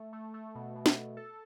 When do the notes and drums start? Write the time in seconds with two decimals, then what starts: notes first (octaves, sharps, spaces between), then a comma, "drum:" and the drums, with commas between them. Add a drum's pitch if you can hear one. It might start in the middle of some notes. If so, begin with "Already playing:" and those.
Already playing: A3
0.13 A3
0.34 A3
0.55 B2
0.76 B2
0.86 drum: snare
0.96 B2
1.17 A4